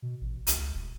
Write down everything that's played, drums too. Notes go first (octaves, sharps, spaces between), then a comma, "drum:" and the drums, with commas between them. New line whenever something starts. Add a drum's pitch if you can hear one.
B2
A1
C2, drum: hi-hat
C#2
D#1